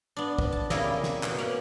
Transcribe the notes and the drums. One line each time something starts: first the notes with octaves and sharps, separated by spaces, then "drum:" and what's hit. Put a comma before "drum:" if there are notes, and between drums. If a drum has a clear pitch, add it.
B3 D4
drum: kick
A5
C#3 G3 A#3 E4 D#5, drum: snare
drum: snare
B2, drum: clap
A#3 C#4 F#5